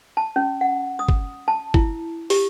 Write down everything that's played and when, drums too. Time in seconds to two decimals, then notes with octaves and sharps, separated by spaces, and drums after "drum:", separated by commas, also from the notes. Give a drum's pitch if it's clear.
0.17 A5
0.36 C#4
0.61 F#5
0.99 D#6
1.08 drum: kick
1.48 A5
1.74 E4, drum: kick
2.30 G4, drum: open hi-hat